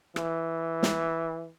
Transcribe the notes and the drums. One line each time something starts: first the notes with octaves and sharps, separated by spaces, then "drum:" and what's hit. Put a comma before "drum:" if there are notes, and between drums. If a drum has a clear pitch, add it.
E3, drum: rim click
drum: snare